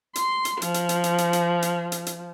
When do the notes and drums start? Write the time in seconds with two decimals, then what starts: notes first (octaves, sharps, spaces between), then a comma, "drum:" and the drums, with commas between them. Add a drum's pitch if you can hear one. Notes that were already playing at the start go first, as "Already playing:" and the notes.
0.15 C6, drum: hi-hat
0.45 drum: hi-hat
0.62 F3, drum: hi-hat
0.74 drum: hi-hat
0.89 drum: hi-hat
1.04 drum: hi-hat
1.18 drum: hi-hat
1.33 drum: hi-hat
1.62 drum: hi-hat
1.92 drum: hi-hat
2.06 drum: hi-hat